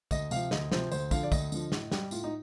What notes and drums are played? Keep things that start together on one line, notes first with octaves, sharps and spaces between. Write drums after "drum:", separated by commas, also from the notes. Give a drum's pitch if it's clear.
D2 D#5, drum: kick, tambourine
C3 F3 F5, drum: tambourine
D2 D#5, drum: snare
C3 F3 C5, drum: snare
D2 C5, drum: tambourine
D3 F3 F5, drum: kick, tambourine
D5
D2 D#5, drum: kick, tambourine
D3 F3, drum: tambourine
A2, drum: snare
G3, drum: snare
A2 F4, drum: tambourine
D#4